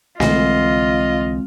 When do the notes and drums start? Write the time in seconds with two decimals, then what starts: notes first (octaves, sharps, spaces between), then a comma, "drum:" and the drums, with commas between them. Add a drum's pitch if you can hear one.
0.20 C2 D3 E3 G#3 C4 F4 D#5, drum: snare